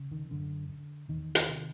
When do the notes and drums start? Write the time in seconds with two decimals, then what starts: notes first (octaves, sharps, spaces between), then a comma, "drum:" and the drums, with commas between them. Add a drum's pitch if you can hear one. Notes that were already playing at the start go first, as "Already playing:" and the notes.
Already playing: C#3
0.12 D#3
0.30 F#2 D3
0.69 D3
1.08 E2 D#3
1.35 drum: hi-hat
1.48 C3